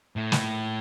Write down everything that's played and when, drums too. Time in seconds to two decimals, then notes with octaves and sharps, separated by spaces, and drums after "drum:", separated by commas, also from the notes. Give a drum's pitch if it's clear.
0.16 A2
0.32 drum: snare